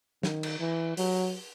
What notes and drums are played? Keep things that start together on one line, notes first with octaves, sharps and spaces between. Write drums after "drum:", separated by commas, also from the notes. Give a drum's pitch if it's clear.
D#3, drum: snare
drum: cymbal
E3
F#3, drum: open hi-hat